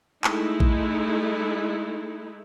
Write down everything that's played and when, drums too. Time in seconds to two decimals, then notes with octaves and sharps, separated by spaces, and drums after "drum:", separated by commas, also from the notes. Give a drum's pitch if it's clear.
0.24 G#3 A3 D#4 E4, drum: clap
0.60 drum: kick